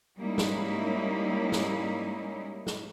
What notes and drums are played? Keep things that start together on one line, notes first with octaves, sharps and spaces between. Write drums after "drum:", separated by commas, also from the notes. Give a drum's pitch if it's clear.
G3 G#3 A#3 C#4 D#4 E4
drum: snare
drum: snare
drum: snare